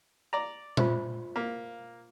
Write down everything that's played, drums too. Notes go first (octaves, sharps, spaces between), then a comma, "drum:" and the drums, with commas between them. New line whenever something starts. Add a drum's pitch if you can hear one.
D5 A#5
F4 C5 E5, drum: tom A#2
A#3 F5